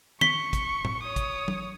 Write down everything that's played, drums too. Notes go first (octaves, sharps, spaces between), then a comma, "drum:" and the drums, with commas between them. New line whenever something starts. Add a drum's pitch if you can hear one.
C#6 B6 G7, drum: tom D#3
drum: kick, hi-hat
drum: tom
C#5 D#6
drum: kick, hi-hat
drum: tom F#3